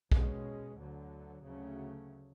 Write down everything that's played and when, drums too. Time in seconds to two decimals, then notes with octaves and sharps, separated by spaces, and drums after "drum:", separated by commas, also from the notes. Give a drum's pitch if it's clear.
0.12 B2 G#3 C#4, drum: kick
0.77 D2 D3 F#3
1.44 D2 C#3 F#3 A3 C#4